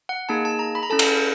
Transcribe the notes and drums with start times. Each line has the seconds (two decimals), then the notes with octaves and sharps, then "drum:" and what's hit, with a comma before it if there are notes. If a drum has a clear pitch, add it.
0.09 F#5
0.29 A#3 D#4 G#4 A5
0.45 A5
0.59 A#5
0.75 B5
0.83 A#5
0.90 C#4 E4 A4 A5
0.99 A#5, drum: cymbal